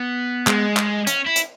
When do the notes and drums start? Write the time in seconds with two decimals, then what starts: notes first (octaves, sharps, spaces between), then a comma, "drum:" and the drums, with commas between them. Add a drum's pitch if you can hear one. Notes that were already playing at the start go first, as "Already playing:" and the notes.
Already playing: B3
0.47 G#3, drum: clap
0.77 drum: clap
1.07 C#4, drum: hi-hat
1.27 E4
1.36 drum: hi-hat